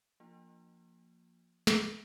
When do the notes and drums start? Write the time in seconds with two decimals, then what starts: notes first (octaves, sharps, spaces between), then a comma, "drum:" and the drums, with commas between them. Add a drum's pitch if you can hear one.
0.20 F3 A#3 D4 F4
1.67 drum: snare